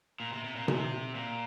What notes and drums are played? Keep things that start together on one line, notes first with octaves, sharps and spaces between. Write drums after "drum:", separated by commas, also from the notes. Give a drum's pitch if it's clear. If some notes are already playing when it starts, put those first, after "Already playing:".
A#2
C3
C3
A#2
C3, drum: tom B2
A#2